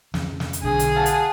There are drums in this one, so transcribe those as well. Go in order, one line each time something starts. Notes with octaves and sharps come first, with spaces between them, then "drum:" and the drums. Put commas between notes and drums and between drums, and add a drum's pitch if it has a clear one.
F2 C#3, drum: snare
drum: snare
drum: hi-hat
B1 D3 G#4
drum: hi-hat
F5 F#5 A5
drum: hi-hat